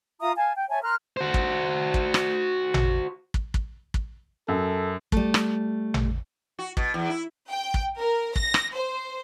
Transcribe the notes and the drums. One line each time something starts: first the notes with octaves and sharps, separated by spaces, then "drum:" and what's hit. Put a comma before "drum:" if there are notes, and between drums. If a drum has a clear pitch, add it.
F4 E5 A#5 D#6
F5 G#5 A5
G5
C#5 E5 G#5 A5
A#4 C6 F6 F#6
F#4 C5
drum: kick
drum: kick
drum: rim click
drum: tom A1
drum: kick
drum: kick
drum: kick
F#2 A4
G3 A3, drum: kick
drum: rim click
drum: tom A1
F#4
B2, drum: kick
E2
E4
G5
drum: kick
A#4
A#6, drum: kick
drum: rim click
C5